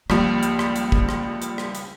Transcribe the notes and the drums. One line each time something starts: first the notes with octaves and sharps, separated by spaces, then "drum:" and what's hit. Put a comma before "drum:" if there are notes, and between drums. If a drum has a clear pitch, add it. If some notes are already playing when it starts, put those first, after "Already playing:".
C#2 F3 G3 A#3, drum: rim click
drum: hi-hat
drum: rim click
drum: hi-hat
drum: kick
drum: rim click
drum: hi-hat
drum: rim click
drum: hi-hat